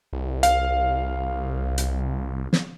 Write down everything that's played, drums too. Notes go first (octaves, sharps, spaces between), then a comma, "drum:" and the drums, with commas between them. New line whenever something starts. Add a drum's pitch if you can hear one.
C2
F5, drum: hi-hat
drum: hi-hat
drum: snare